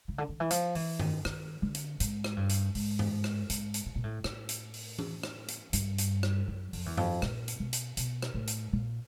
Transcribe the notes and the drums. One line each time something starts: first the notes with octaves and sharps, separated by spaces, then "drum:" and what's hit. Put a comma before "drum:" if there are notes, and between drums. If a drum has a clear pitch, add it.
C#3
D3
D#3
E3
F3, drum: hi-hat
E3, drum: open hi-hat
D#3, drum: tom G2
D#3, drum: rim click
D3
drum: hi-hat
G#2, drum: hi-hat
drum: rim click
G2
drum: hi-hat
G#2, drum: open hi-hat
drum: tom G2
drum: rim click
G#2, drum: hi-hat
drum: hi-hat
A2
A#2
A2
A2, drum: rim click
drum: hi-hat
drum: open hi-hat
drum: tom E3
drum: rim click
drum: hi-hat
G2, drum: hi-hat
drum: hi-hat
drum: rim click
F#2
F2, drum: open hi-hat
E2
F2, drum: tom G2
A#2, drum: rim click
drum: hi-hat
B2
drum: hi-hat
B2, drum: hi-hat
drum: rim click
A2
drum: hi-hat
A#2